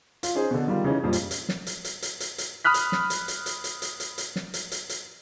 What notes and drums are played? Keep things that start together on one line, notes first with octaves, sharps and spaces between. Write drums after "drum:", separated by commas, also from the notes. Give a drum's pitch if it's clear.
F4, drum: hi-hat
C#4 D#4 G#4 C5
B2 D3
D#3 G3 F4
C#3 E3 C#4 D#4
F2 A#2 F3 G3
drum: hi-hat
drum: hi-hat
drum: snare
drum: hi-hat
drum: hi-hat
drum: hi-hat
drum: hi-hat
drum: hi-hat
B5 D#6 F6 F#6 B6
drum: hi-hat
drum: snare
drum: hi-hat
drum: hi-hat
drum: hi-hat
drum: hi-hat
drum: hi-hat
drum: hi-hat
drum: hi-hat
drum: snare
drum: hi-hat
drum: hi-hat
drum: hi-hat